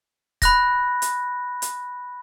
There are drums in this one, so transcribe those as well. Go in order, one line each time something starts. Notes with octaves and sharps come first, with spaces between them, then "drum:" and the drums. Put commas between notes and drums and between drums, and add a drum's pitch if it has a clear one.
B5 F#6 A#6, drum: kick C#1, hi-hat
drum: hi-hat
drum: hi-hat